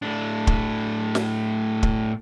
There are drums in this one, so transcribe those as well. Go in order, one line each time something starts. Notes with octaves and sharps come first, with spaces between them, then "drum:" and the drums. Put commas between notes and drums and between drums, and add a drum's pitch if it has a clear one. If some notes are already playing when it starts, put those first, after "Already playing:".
A2 D4
drum: kick
drum: snare
drum: kick